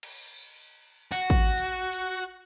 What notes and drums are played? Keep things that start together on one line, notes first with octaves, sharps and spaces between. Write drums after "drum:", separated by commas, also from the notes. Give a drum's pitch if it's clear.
drum: cymbal
F#4
drum: kick
drum: hi-hat
drum: hi-hat